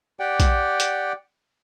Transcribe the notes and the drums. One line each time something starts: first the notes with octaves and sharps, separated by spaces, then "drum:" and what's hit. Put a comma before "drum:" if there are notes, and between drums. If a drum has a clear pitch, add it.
G4 D5 F#5 G5
drum: kick, hi-hat
drum: hi-hat